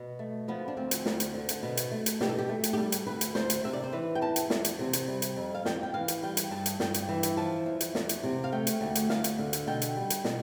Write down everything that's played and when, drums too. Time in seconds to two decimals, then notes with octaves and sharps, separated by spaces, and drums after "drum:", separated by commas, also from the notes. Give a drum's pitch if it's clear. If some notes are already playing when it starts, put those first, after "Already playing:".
Already playing: B2
0.19 A3
0.48 F3 B3
0.68 D4
0.77 D2 C4
0.91 drum: hi-hat
1.06 D2, drum: snare
1.20 drum: hi-hat
1.34 D3
1.49 drum: hi-hat
1.63 B2
1.77 drum: hi-hat
1.91 A3
2.06 drum: hi-hat
2.21 B2 G4, drum: snare
2.29 A4
2.38 G4
2.49 A3
2.64 drum: hi-hat
2.73 G4
2.77 G3 A4
2.92 drum: hi-hat
3.07 D2 B4
3.21 drum: hi-hat
3.35 D2 C5, drum: snare
3.50 drum: hi-hat
3.64 C3 E5
3.73 D5
3.83 C5
3.93 E3 B4
4.15 G5
4.21 E2 A5
4.36 drum: hi-hat
4.50 E2, drum: snare
4.65 drum: hi-hat
4.79 C3
4.93 drum: hi-hat
5.08 G3
5.22 drum: hi-hat
5.36 F2
5.55 F5
5.65 F2 G5, drum: snare
5.83 G5
5.94 E3 F5
6.08 drum: hi-hat
6.23 G3 G5
6.37 drum: hi-hat
6.51 G2 A5
6.66 drum: hi-hat
6.80 G2 G5, drum: snare
6.94 drum: hi-hat
7.09 E3
7.23 drum: hi-hat
7.37 F3 A5
7.66 E2
7.81 drum: hi-hat
7.95 E2, drum: snare
8.09 drum: hi-hat
8.23 C3
8.44 F5
8.52 A3 G5
8.67 drum: hi-hat
8.81 D2
8.95 drum: hi-hat
9.10 D2 F5, drum: snare
9.24 drum: hi-hat
9.39 D3
9.53 drum: hi-hat
9.67 B2 G5
9.82 drum: hi-hat
9.96 G3
10.10 drum: hi-hat
10.24 B2, drum: snare